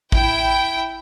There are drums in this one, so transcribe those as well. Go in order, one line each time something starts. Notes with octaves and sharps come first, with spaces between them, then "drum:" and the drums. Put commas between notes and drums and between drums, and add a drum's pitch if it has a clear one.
E4 G5, drum: kick A1